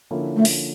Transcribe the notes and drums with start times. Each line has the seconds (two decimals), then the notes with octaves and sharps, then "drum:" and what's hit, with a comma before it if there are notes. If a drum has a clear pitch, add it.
0.11 D3 F3 A#3 C#4 E4
0.36 A3
0.45 drum: open hi-hat